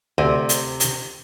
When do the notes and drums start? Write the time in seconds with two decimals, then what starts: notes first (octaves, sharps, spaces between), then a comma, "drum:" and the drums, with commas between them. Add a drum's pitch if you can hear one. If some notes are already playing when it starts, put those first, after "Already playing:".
0.18 D2 C3 D#5
0.49 drum: hi-hat
0.80 drum: hi-hat